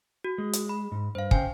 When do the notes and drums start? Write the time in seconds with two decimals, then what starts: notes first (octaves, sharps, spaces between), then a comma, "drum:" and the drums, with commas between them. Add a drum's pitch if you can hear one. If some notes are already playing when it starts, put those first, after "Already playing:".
0.24 F#4
0.38 G#3
0.53 drum: hi-hat
0.69 B5
0.92 G#2
1.15 G2 C5 F5
1.31 C#3 C5 G5 G#5, drum: kick